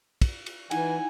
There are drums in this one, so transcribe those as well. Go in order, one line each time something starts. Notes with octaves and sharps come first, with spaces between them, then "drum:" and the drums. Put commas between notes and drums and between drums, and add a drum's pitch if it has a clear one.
drum: kick, cymbal
drum: cymbal
E3 D#4 E4 F#5 G#5, drum: cymbal